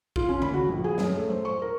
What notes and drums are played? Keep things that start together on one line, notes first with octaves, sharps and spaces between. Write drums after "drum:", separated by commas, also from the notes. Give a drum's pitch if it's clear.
F4, drum: kick A1
C#4
B5, drum: tom C#3
F#4
A#1
G#4
F#2, drum: snare
A3
C5
C#6
A#4